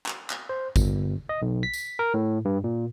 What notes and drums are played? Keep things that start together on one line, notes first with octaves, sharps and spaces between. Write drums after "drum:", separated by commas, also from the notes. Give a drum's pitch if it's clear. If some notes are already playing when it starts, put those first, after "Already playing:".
drum: clap
drum: clap
C5
G1, drum: kick G#1, tambourine
D#5
B1
B6
drum: tambourine
A#4
A2
G2
A#2